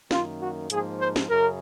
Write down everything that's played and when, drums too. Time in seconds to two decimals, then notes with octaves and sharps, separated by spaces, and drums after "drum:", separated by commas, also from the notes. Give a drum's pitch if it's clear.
0.11 F#2 D#3 A#3 F4, drum: snare
0.40 F#4
0.70 G#2 F3 A#3 G#4, drum: hi-hat
0.99 C5
1.16 drum: snare
1.28 F#2 C#3 A#4